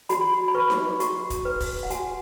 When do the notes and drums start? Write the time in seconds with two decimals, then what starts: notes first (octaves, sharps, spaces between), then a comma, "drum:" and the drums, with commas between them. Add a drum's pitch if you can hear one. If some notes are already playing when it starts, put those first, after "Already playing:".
0.09 F#4 B5, drum: hi-hat
0.48 B5
0.55 B4 C#6
0.70 drum: snare D#4
1.00 F#4 C#6, drum: hi-hat
1.30 drum: kick, hi-hat
1.45 B4
1.60 drum: kick, open hi-hat
1.83 F#5
1.90 F#4 G#5, drum: hi-hat